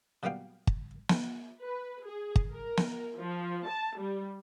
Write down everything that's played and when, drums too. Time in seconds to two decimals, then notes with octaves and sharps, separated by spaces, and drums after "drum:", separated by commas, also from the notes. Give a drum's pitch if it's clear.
0.23 A#2 F#3 G3 B3 F5 G5
0.67 drum: kick
1.09 drum: snare
1.62 B4
2.06 G#4
2.36 drum: kick
2.51 A#4
2.78 drum: snare
3.20 F3
3.68 A5
3.98 G3